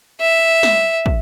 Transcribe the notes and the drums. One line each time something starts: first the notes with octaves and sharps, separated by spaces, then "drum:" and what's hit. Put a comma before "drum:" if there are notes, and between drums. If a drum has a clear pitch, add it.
E5
drum: snare
drum: kick